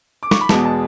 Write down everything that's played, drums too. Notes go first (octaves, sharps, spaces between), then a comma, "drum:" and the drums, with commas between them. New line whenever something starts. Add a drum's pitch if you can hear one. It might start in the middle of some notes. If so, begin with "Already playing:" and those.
D6
C#6, drum: snare
B5
E2 B2 G#3 B3 A5, drum: snare
A5